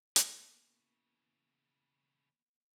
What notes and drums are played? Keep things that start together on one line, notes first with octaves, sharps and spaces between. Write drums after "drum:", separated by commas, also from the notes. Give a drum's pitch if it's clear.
C#3 E3 A#3 B3, drum: hi-hat